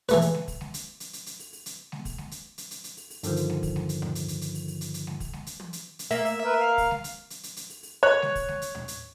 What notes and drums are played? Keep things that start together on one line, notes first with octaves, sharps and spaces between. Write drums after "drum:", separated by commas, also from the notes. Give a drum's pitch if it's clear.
E3 A3 B4, drum: hi-hat
drum: hi-hat
drum: snare G#3
drum: kick, open hi-hat
drum: snare G#3
drum: hi-hat
drum: hi-hat
drum: hi-hat
drum: hi-hat
drum: open hi-hat
drum: open hi-hat
drum: hi-hat
drum: snare G#3
drum: kick, open hi-hat
drum: snare G#3
drum: hi-hat
drum: hi-hat
drum: hi-hat
drum: hi-hat
drum: open hi-hat
drum: open hi-hat
G2 D3 D#3 F3, drum: hi-hat
drum: hi-hat
drum: snare G#3
drum: kick, open hi-hat
drum: snare G#3
drum: hi-hat
drum: tom
drum: hi-hat
drum: hi-hat
drum: hi-hat
drum: open hi-hat
drum: open hi-hat
drum: hi-hat
drum: hi-hat
drum: snare G#3
drum: kick, open hi-hat
drum: snare G#3
drum: hi-hat
drum: tom
drum: hi-hat
drum: hi-hat
A#3 E5, drum: open hi-hat
drum: open hi-hat
A#4 B4
F5
drum: kick, open hi-hat
drum: snare G#3
drum: hi-hat
drum: hi-hat
drum: hi-hat
drum: hi-hat
drum: open hi-hat
drum: open hi-hat
C#5 F#6
drum: snare G#3
drum: kick, open hi-hat
drum: snare G#3
drum: hi-hat
drum: tom
drum: hi-hat